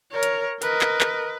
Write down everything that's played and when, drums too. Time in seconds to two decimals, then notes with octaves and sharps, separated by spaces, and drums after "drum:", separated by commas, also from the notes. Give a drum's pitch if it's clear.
0.11 A#4 C#5
0.23 drum: hi-hat
0.62 A#4 B4 D#5, drum: hi-hat
0.81 drum: clap
1.01 drum: clap